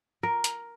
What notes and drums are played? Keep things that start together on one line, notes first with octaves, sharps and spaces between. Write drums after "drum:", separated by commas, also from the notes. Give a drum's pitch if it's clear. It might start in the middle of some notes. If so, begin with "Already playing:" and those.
A#4
drum: hi-hat